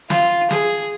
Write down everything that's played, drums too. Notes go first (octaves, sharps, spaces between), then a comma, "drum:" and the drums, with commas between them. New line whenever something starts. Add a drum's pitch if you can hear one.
F4, drum: snare
G#4, drum: snare